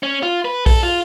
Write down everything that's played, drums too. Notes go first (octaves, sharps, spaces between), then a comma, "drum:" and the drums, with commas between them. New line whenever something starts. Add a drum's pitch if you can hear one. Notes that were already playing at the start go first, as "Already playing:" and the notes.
C#4
F4
B4
A4, drum: kick, open hi-hat
F4